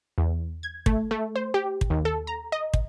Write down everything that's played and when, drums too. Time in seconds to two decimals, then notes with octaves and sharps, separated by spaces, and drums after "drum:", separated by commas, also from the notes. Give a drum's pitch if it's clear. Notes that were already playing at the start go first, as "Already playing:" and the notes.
0.18 E2
0.63 G#6
0.86 A3, drum: kick
1.11 A3
1.36 C5
1.54 G4
1.81 drum: kick
1.90 D#2
2.05 A4
2.27 A#5
2.52 D#5
2.74 drum: kick